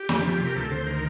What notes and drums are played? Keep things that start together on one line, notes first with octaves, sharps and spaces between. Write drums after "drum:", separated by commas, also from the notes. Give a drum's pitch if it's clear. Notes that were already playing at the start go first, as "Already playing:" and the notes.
Already playing: G4
F2, drum: snare
F3
C3
A#4
D2 A4
D2 C5
D#3 A#4